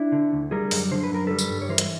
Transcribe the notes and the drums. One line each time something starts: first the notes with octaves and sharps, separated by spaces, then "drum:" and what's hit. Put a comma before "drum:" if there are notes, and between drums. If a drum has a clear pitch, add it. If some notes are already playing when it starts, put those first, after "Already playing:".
Already playing: D4 E4
D3
D2
G3 G#4 A#4
F#2, drum: open hi-hat
D3 C5
B4
F#2 A#4
G3 A4 B4
drum: tambourine
G2
C#5
E3 A#4 C5
drum: hi-hat